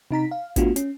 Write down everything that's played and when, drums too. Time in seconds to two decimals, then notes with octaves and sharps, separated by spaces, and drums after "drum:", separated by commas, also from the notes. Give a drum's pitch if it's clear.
0.11 C3 D#4 A#5 B6
0.31 F5
0.56 A3 B3 D4 F4 F#4, drum: kick, hi-hat
0.76 C#4, drum: hi-hat